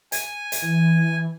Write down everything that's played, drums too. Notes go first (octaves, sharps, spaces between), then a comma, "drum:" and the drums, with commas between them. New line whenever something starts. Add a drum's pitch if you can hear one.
G#5, drum: hi-hat
drum: hi-hat
E3